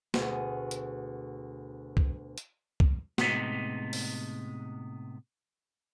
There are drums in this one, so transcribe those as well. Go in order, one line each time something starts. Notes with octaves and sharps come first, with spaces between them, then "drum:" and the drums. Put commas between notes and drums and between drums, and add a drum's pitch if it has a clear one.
D2 B2 G#4, drum: snare
drum: hi-hat
drum: kick
drum: hi-hat
drum: kick
A2 C3 G#3 B3 D#4, drum: snare
drum: open hi-hat